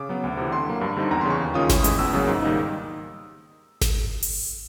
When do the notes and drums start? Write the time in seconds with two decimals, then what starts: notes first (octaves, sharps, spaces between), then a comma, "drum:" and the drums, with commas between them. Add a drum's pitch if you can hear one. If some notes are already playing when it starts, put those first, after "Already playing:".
Already playing: C#3 D6
0.09 F#3 B3
0.24 D2
0.37 C3 E3
0.52 D3 C6
0.68 F#3 A#3
0.81 G2
0.97 D3 G3 C4 D#4
1.11 E2 A#5
1.21 C6
1.25 C#3 E3 C#6
1.40 D#2
1.54 D#3 G#3 C#4 F4 D#6
1.70 A2, drum: snare G#1
1.84 E3 G#3 C#4 E4, drum: hi-hat
1.98 E2 E6
2.13 C#3 F#3 A#3
2.27 G#2
2.42 D#3 G3 A#3 D#4
3.81 drum: snare G#1
4.23 drum: open hi-hat